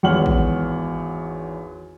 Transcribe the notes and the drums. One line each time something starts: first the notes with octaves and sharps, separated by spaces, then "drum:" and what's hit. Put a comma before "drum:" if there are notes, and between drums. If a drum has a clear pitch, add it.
G#1 E2 C#5 F#5 F6 F#7
drum: kick A1